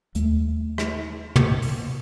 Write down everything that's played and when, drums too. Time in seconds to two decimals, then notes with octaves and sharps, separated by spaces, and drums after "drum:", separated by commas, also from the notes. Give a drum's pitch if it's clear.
0.15 D#2 A3, drum: hi-hat
0.78 drum: rim click
1.36 drum: tom
1.62 drum: open hi-hat